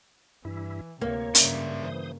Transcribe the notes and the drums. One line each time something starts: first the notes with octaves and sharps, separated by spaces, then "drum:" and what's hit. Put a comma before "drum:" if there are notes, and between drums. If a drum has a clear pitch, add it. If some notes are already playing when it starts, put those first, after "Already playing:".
G2 E3 E4
D2 C3 A#3 C#5
G2 C#3 C#4 D5 E5, drum: hi-hat
E3 C5 D#6